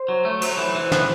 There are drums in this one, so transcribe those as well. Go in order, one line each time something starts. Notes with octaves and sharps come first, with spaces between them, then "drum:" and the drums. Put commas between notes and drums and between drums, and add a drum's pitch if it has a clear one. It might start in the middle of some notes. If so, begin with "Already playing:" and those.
Already playing: C5
F#3
A3
F#3, drum: cymbal
E3
E3
B3, drum: snare